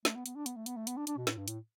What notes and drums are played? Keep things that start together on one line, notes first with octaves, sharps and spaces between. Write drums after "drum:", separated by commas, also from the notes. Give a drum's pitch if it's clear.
A3, drum: snare
B3
B3, drum: hi-hat
D4
B3, drum: hi-hat
A3
B3, drum: hi-hat
A3
B3, drum: hi-hat
D4
D4, drum: hi-hat
B2
A2, drum: snare
G2
A2, drum: hi-hat